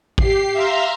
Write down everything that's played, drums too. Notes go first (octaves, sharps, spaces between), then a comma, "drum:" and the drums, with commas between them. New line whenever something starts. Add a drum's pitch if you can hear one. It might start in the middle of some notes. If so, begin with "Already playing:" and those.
G4 C7, drum: kick A1
E5 F5 A#5 C6